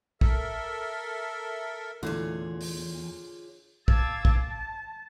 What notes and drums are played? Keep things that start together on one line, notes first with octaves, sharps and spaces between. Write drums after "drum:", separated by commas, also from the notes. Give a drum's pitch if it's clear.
A4 A#4 E5, drum: kick
E2 A#2 D3 E3 A3 F4 G#4 C#5
drum: open hi-hat
F5 A5 D6 E6 G#6 A6, drum: kick
drum: kick
A5